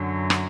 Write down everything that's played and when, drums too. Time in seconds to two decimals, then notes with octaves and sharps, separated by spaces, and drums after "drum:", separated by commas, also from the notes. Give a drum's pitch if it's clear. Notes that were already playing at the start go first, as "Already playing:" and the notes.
Already playing: F#2 D3 F#3
0.30 drum: rim click